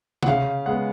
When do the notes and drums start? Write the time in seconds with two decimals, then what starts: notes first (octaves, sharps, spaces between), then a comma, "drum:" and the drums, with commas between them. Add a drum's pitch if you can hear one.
0.23 F#5, drum: tom C3
0.27 C#3 F5
0.66 G#3 B3 F#5